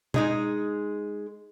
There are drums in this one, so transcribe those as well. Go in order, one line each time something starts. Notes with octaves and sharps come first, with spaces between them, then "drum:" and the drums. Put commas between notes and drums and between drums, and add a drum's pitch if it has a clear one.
G#3 D#4 G#4, drum: tom B2